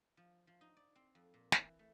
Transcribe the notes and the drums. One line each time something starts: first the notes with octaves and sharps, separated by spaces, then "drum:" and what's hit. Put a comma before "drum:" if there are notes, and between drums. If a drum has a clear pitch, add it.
F3
F3
D#4
D5
C4
F2
A#2
E3, drum: snare
A3